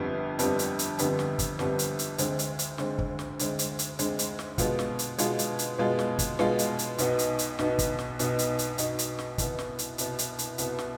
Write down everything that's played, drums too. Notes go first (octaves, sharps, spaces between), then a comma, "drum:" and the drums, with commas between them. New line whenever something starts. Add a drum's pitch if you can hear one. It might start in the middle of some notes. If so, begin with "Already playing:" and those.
Already playing: G1 F2 D3 G3 B3
G1 F2 D3 G3 B3, drum: hi-hat
drum: hi-hat
drum: hi-hat
G1 F2 D3 G3 B3, drum: hi-hat
drum: snare
drum: kick, hi-hat
G1 F2 D3 G3 B3, drum: snare
drum: hi-hat
drum: hi-hat
D2 D3 G#3 C4, drum: hi-hat
drum: hi-hat
drum: hi-hat
D2 D3 G#3 C4, drum: snare
drum: kick
drum: snare
D2 D3 G#3 C4, drum: hi-hat
drum: hi-hat
drum: hi-hat
D2 D3 G#3 C4, drum: hi-hat
drum: hi-hat
drum: snare
B2 G#3 B3 F4, drum: kick, hi-hat
drum: snare
drum: hi-hat
B2 G#3 B3 F4, drum: hi-hat
drum: hi-hat
drum: hi-hat
B2 G#3 B3 F4
drum: snare
drum: kick, hi-hat
B2 G#3 B3 F4, drum: snare
drum: hi-hat
drum: hi-hat
B1 B2 B3 D#4, drum: hi-hat
drum: hi-hat
drum: hi-hat
B1 B2 B3 D#4, drum: snare
drum: kick, hi-hat
drum: snare
B1 B2 B3 D#4, drum: hi-hat
drum: hi-hat
drum: hi-hat
B1 B2 B3 D#4, drum: hi-hat
drum: hi-hat
drum: snare
C2 B2 B3, drum: kick, hi-hat
drum: snare
drum: hi-hat
C2 B2 B3, drum: hi-hat
drum: hi-hat
drum: hi-hat
C2 B2 B3, drum: hi-hat
drum: snare